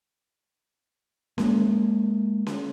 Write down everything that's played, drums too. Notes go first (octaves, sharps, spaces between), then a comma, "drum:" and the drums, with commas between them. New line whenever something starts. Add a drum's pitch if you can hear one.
G#3 A#3, drum: snare C#4
drum: snare C#4